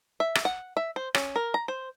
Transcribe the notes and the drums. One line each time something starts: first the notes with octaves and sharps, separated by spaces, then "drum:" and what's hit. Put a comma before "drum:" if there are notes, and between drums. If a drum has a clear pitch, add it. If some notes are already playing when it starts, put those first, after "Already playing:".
E5
drum: rim click
F#5
E5
C5
C#4, drum: rim click
A#4
A#5
C5